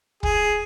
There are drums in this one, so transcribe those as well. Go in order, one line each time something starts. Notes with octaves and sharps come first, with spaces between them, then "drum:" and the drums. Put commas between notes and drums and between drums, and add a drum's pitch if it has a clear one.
G#4, drum: kick